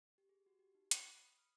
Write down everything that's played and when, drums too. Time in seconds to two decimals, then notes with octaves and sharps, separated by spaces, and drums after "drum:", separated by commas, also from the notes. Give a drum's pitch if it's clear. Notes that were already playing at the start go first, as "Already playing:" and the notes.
0.18 G4
0.29 G#4
0.46 F#4
0.59 G4
0.75 D#4
0.91 C5, drum: hi-hat
1.13 B5
1.26 D#6
1.38 F6